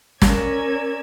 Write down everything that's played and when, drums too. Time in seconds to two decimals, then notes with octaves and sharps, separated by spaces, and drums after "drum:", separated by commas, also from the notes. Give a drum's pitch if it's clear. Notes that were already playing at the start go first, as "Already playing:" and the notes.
0.22 C#4 A#4 D5 E6 G#6, drum: snare